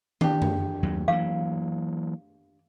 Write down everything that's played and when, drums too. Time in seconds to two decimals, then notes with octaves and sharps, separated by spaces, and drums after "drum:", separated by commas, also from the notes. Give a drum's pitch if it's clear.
0.21 D4 G4, drum: tom
0.42 drum: tom
0.83 D#2 F#3
1.08 E3 F#3 A#3 F5